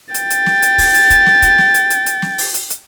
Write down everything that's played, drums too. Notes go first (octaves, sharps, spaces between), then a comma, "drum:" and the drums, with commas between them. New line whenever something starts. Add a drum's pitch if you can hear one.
G5 A6, drum: hi-hat
drum: hi-hat
drum: snare
drum: hi-hat
drum: kick, open hi-hat
drum: hi-hat
drum: kick, hi-hat
drum: snare
drum: kick, hi-hat
drum: snare
drum: hi-hat
drum: hi-hat
drum: hi-hat
drum: snare
drum: open hi-hat
drum: hi-hat
drum: hi-hat